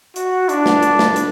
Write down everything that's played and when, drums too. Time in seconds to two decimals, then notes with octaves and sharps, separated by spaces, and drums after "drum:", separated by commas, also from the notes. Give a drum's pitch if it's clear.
0.16 F#4, drum: hi-hat
0.49 D4, drum: hi-hat
0.66 drum: snare
0.83 drum: hi-hat
0.99 drum: snare
1.16 drum: hi-hat